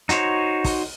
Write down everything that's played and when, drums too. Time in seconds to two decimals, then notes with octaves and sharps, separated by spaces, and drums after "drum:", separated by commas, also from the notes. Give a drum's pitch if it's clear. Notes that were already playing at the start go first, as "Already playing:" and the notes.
0.09 D#4 F#4 C5 C#5, drum: hi-hat
0.64 drum: kick, open hi-hat